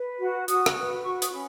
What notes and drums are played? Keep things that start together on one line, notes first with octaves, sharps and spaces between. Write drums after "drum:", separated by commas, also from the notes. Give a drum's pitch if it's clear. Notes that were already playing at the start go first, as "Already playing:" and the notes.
Already playing: B4
F#4
F#4 D#6, drum: hi-hat
drum: rim click
B4
F#4 C#6
D#6, drum: hi-hat
C#4 B5